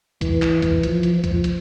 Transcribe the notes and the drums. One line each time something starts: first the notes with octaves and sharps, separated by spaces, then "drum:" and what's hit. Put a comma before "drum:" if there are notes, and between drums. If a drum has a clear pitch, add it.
E3, drum: kick, hi-hat
drum: clap
drum: kick, hi-hat
F3, drum: hi-hat
drum: hi-hat
F3
drum: kick, hi-hat
drum: hi-hat